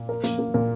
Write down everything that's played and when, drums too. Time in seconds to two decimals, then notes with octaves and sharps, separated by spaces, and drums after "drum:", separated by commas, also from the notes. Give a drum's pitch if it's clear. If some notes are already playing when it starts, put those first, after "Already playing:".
Already playing: A#2
0.09 A#4
0.24 A#3, drum: hi-hat
0.39 A#3
0.54 A#2 A#4